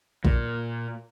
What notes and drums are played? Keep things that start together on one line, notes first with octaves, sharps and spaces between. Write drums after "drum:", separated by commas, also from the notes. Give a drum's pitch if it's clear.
A#2, drum: kick B1